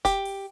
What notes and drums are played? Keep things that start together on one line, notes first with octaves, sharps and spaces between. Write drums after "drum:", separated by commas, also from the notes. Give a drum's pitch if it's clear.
G4, drum: kick E1, hi-hat
drum: open hi-hat